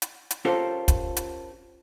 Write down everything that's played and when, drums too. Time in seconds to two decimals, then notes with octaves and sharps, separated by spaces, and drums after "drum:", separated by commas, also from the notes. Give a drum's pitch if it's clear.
0.02 drum: hi-hat
0.31 drum: hi-hat
0.45 C#4 F4 G4 A4 A#4 C5
0.88 drum: kick, hi-hat
1.17 drum: hi-hat